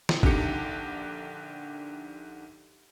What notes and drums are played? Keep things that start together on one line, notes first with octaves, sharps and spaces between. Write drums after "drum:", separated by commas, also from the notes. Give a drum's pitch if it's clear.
drum: snare
A#1 D3 D#3 G4 C#7, drum: kick A1